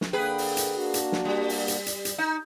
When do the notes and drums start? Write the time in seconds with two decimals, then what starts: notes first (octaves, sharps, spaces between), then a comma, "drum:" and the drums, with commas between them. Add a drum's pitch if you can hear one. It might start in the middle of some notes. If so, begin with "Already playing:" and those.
0.01 drum: snare
0.13 D3 A#3 G#4 B4 G5
0.38 drum: open hi-hat
0.57 drum: hi-hat
0.75 A#3 D4 F#4
0.94 drum: hi-hat
1.12 drum: snare
1.25 G3
1.49 drum: open hi-hat
1.68 drum: hi-hat
1.86 drum: hi-hat
2.05 drum: hi-hat
2.18 D#4